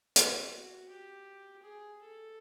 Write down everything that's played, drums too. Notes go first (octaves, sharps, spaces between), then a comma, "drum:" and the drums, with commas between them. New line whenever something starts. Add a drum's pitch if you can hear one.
C4, drum: hi-hat
F#4
G4
G#4
A4